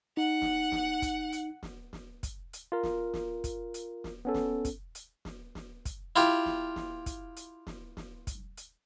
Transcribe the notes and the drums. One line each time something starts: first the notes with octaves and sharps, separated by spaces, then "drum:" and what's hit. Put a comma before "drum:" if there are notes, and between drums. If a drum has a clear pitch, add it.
D#4 F#5
drum: snare
drum: snare
drum: kick, hi-hat
drum: hi-hat
drum: snare
drum: snare
drum: kick, hi-hat
drum: hi-hat
F4 A#4
drum: snare
drum: snare
drum: kick, hi-hat
drum: hi-hat
drum: snare
B3 C#4 A4
drum: snare
drum: kick, hi-hat
drum: hi-hat
drum: snare
drum: snare
drum: kick, hi-hat
E4 F4 G4, drum: hi-hat
drum: snare
drum: snare
drum: kick, hi-hat
drum: hi-hat
drum: snare
drum: snare
drum: kick, hi-hat
drum: hi-hat